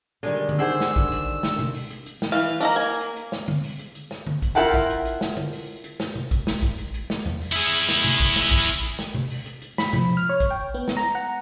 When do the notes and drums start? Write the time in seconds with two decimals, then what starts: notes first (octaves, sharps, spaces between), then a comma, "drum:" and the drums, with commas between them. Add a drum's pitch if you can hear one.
0.23 D3 D#3 G3 G#3
0.49 drum: tom
0.59 D4 D#4 G#4 C5 F#5 E6
0.80 drum: snare
0.96 drum: kick A1, hi-hat
1.12 drum: hi-hat
1.43 drum: snare
1.59 drum: tom C3
1.75 drum: open hi-hat
1.90 drum: hi-hat
2.06 drum: hi-hat
2.22 drum: snare
2.32 E3 F5
2.60 A#3 D4 D#5 A#5
2.76 G#5
3.01 drum: hi-hat
3.16 drum: hi-hat
3.32 drum: snare
3.48 drum: tom
3.64 drum: open hi-hat
3.79 drum: hi-hat
3.95 drum: hi-hat
4.11 drum: snare
4.27 drum: tom
4.42 drum: kick A1, hi-hat
4.55 E4 F4 A#4 F#5 G5 A5
4.74 drum: kick A1, hi-hat
4.90 drum: hi-hat
5.05 drum: hi-hat
5.21 drum: snare
5.37 drum: tom
5.52 drum: open hi-hat
5.84 drum: hi-hat
6.00 drum: snare
6.15 drum: tom C3
6.31 drum: kick A1, hi-hat
6.47 drum: snare
6.63 drum: kick A1, hi-hat
6.78 drum: hi-hat
6.94 drum: hi-hat
7.10 drum: snare
7.26 drum: tom E2
7.41 drum: open hi-hat
7.53 E4 G#4
7.73 drum: hi-hat
7.89 drum: snare
8.04 drum: tom C3
8.20 drum: kick A1, hi-hat
8.36 drum: snare
8.52 drum: kick A1, hi-hat
8.67 drum: hi-hat
8.83 drum: hi-hat
8.99 drum: snare
9.14 drum: tom C3
9.30 drum: open hi-hat
9.46 drum: hi-hat
9.62 drum: hi-hat
9.78 B5, drum: snare
9.93 F3, drum: tom C3
10.17 F6
10.29 C#5
10.40 drum: kick A1, hi-hat
10.51 G5
10.74 B3
10.88 drum: snare
10.97 A#5
11.15 F#5